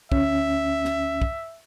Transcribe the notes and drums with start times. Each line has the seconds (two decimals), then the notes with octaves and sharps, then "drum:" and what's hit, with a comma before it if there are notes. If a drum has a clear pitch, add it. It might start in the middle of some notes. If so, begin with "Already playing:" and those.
0.12 D2 C#4 E5, drum: kick
0.85 drum: snare
1.22 drum: kick